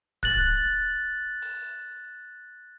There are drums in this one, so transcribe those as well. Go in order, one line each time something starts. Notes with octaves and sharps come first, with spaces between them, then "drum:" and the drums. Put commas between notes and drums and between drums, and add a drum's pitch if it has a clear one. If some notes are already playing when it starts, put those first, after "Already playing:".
F#6 A6 F#7, drum: kick D1
drum: open hi-hat